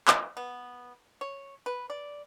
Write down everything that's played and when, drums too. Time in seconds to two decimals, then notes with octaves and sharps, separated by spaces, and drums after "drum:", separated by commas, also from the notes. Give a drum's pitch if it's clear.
0.08 E3, drum: clap
0.37 B3
1.21 C#5
1.66 B4
1.90 D5